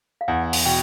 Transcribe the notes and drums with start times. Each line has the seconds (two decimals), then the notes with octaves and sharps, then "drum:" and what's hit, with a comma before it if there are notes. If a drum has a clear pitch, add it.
0.21 F5
0.28 E2 F#5
0.53 drum: open hi-hat
0.66 B2 G5